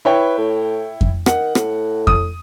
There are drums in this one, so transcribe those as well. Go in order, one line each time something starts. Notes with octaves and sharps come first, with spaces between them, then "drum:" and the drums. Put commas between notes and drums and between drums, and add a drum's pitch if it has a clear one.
E4 B4 C#5 G5
A2
drum: kick F2
D#3 F#5, drum: rim click
A2, drum: rim click
D#6, drum: kick F2